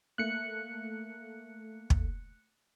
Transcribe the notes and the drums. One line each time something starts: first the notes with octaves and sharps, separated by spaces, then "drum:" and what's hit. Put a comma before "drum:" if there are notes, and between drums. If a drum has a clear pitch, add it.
A3 A#3 F#6 C#7
drum: kick